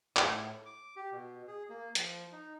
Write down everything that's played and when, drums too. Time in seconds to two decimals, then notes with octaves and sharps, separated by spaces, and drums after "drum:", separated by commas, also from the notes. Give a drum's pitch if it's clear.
0.17 A2, drum: clap
0.66 D6
0.96 G4
1.12 B2
1.48 G#4
1.69 A#3
1.95 F3, drum: hi-hat
2.32 D#4